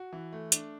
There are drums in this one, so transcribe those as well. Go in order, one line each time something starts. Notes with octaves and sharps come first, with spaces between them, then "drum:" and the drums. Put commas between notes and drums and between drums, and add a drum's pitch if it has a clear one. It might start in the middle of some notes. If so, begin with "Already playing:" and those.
Already playing: F#4
E3
A3
D4, drum: hi-hat